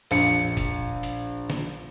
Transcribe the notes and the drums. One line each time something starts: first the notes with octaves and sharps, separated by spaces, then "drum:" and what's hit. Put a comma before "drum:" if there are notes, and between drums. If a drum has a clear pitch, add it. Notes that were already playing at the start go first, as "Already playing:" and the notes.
A#1 C#7, drum: open hi-hat
drum: kick F1, hi-hat
drum: hi-hat
drum: snare